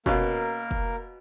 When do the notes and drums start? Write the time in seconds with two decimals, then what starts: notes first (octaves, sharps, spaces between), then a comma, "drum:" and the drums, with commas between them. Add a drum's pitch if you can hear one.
0.06 B2 A#3 C#4 A#4 F5, drum: kick
0.71 drum: kick